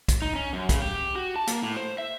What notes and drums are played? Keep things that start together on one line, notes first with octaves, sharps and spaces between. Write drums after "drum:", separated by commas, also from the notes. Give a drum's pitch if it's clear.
drum: kick, hi-hat
D#4
C#4
F#2
C#3, drum: kick, hi-hat
G4
F#4
A5
A#3, drum: hi-hat
A2
C5
E5